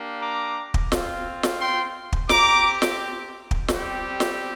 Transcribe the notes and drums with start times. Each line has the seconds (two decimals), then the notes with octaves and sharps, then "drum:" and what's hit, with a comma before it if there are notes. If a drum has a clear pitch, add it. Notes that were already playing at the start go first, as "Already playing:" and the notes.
Already playing: A#3 D4 G4
0.22 A#5 D6
0.74 drum: kick
0.92 C4 F4, drum: snare
1.43 drum: snare
1.60 G5 C6
2.12 drum: kick
2.29 C4 G4 A#5 D6, drum: snare
2.82 drum: snare
3.51 drum: kick
3.68 G3 C4 G4, drum: snare
4.20 drum: snare